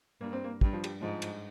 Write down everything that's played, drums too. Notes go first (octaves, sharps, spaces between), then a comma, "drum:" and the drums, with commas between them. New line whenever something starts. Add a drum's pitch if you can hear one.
G2 A#3
C4
A#3
G2 G3, drum: kick
F3
G3, drum: cymbal
G#2 F3
drum: cymbal